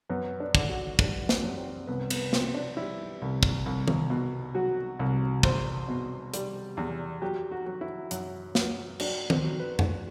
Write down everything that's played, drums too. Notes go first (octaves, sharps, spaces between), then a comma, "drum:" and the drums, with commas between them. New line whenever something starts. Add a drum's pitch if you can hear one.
F#2 B3
D4
D3, drum: kick
F#4
G3 D4, drum: kick
C4, drum: snare
F#2
C4
C2 B3
B3, drum: cymbal
B2 C4, drum: snare
D4
G3 E4
C2
drum: kick
C2
drum: tom D#3
B2
F#3 F#4
C2
E2 C5, drum: kick
B2
G3, drum: hi-hat
E2
F#3 G4
F#4
F#3
E4
F#2, drum: hi-hat
F#2, drum: snare
F#3 D4, drum: cymbal
C5, drum: tom D#3
F#3
B4
drum: tom F2